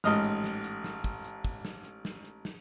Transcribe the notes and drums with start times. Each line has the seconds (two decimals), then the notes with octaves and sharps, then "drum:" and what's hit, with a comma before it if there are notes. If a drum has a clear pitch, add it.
0.04 A1 G#2 D#5 D#6 F6, drum: snare
0.24 drum: hi-hat
0.44 drum: snare
0.64 drum: hi-hat
0.84 drum: snare
1.04 drum: kick, hi-hat
1.24 drum: hi-hat
1.45 drum: kick, hi-hat
1.65 drum: snare
1.85 drum: hi-hat
2.05 drum: snare
2.25 drum: hi-hat
2.45 drum: snare